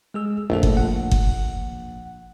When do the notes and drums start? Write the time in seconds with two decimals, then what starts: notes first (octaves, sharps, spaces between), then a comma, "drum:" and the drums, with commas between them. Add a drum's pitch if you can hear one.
0.14 G#3 G#4 E6
0.50 A#1 F2 A3 A4
0.63 drum: kick G1
0.77 F#5
1.11 drum: kick G1